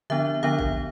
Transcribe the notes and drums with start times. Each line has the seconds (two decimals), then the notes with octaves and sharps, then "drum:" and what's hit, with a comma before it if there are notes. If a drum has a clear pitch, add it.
0.10 D3 F3 B3 D4 E5
0.43 D3 F3 B3 D4 F5
0.59 drum: kick